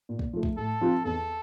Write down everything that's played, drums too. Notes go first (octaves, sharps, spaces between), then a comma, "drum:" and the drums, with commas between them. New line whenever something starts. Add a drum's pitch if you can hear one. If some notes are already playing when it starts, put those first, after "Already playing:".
A#2
drum: kick
F3 A3
drum: kick
A2 A4
F3 C4 F4
E2 A4